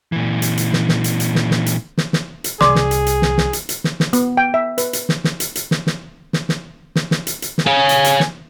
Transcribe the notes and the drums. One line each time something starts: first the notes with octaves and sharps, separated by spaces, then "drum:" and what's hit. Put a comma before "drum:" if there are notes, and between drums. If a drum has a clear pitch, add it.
A#2 E3
drum: hi-hat
drum: hi-hat
drum: snare
drum: snare
drum: hi-hat
drum: hi-hat
drum: snare
drum: snare
drum: hi-hat
drum: snare
drum: snare
drum: hi-hat
C2 G#4 D5 C6 D6, drum: snare
drum: snare
drum: hi-hat
drum: hi-hat
drum: snare
drum: snare
drum: hi-hat
drum: hi-hat
drum: snare
drum: snare
B3, drum: hi-hat
G5
E5
B4, drum: hi-hat
drum: hi-hat
drum: snare
drum: snare
drum: hi-hat
drum: hi-hat
drum: snare
drum: snare
drum: snare
drum: snare
drum: snare
drum: snare
drum: hi-hat
drum: hi-hat
drum: snare
C#5 F5 G#5
drum: hi-hat
drum: hi-hat
drum: snare